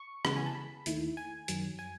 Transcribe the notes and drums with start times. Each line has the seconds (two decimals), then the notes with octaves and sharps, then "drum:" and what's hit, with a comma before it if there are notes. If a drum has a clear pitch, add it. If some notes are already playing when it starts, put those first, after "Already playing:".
Already playing: C#6
0.25 C#3 E3 G#3 B3 F#5, drum: rim click
0.36 G#5
0.46 A5
0.55 B5
0.86 D#2 D#3 A3 E4, drum: hi-hat
1.17 G#5
1.48 F#2 D#3 F#3, drum: hi-hat
1.79 G#5